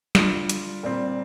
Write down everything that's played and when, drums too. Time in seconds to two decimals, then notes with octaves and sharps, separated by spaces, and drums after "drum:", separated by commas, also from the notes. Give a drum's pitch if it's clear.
0.15 D3 G3 D4 F4, drum: snare
0.49 drum: hi-hat
0.83 A#2 G3 C4